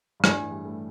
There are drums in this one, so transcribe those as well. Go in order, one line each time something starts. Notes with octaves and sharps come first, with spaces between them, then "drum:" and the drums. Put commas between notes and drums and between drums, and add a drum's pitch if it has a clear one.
G2
A2 D4 G4 D5 G5, drum: rim click
E3
G3
A3